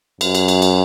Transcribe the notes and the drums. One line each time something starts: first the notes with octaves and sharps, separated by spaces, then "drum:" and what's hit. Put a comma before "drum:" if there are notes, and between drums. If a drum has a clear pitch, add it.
F#2, drum: cymbal
drum: cymbal
drum: cymbal
drum: cymbal